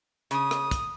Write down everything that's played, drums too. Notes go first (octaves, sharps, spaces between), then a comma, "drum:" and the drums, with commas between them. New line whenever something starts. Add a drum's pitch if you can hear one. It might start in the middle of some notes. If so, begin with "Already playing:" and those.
C#3 D#6, drum: hi-hat
drum: rim click
drum: kick, hi-hat